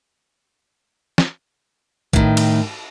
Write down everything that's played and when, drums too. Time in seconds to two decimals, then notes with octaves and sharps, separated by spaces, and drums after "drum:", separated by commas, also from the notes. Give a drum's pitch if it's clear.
1.18 drum: snare
2.13 A2 D#3, drum: kick
2.37 drum: cymbal